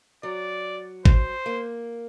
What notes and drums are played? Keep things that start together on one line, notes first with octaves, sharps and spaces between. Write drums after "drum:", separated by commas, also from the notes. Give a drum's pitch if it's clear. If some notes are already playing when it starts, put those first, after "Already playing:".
F#3 D5
C5, drum: kick G#1
A#3